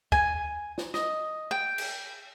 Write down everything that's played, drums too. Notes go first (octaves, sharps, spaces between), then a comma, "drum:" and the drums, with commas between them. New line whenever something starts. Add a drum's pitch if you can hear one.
G#5, drum: kick
drum: snare
D#5, drum: snare
G5
drum: cymbal